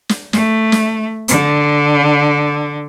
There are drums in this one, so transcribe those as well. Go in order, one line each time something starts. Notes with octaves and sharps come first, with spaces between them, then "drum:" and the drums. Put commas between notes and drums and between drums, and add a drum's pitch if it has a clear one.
drum: snare
A3, drum: snare
drum: snare
D3, drum: hi-hat